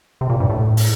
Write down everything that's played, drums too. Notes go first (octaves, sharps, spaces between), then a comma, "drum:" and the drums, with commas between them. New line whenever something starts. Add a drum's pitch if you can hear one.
C3
A#2
G2
A2
drum: open hi-hat